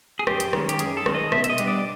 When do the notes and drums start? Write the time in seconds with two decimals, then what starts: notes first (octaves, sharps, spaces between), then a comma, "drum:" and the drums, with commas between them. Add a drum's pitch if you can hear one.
0.19 G#4
0.27 F#2 G4, drum: rim click
0.40 drum: hi-hat
0.53 D#3 G#3 C#4, drum: rim click
0.69 G4, drum: hi-hat
0.79 F#2 G#4, drum: hi-hat
0.97 A4
1.06 D#3 G#3 C#4, drum: rim click
1.15 D#5
1.32 B2 E5, drum: rim click
1.44 E5, drum: hi-hat
1.49 D#5
1.58 G3 B3 D4, drum: hi-hat
1.67 D5